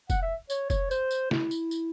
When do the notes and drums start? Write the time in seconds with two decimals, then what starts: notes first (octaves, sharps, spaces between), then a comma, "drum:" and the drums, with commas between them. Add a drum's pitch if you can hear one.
0.10 F#5, drum: kick F1, tambourine
0.23 E5
0.50 C#5, drum: tambourine
0.70 C#5, drum: kick F1, tambourine
0.91 C5, drum: tambourine
1.11 drum: tambourine
1.31 E4, drum: snare
1.51 drum: tambourine
1.71 drum: tambourine